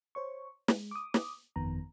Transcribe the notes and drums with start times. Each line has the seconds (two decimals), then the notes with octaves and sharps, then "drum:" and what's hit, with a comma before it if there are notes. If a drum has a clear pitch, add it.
0.15 C5 C#5 C#6
0.68 G#3, drum: snare
0.91 D6 D#6
1.14 drum: snare
1.56 G1 F2 D#3 B3 A#5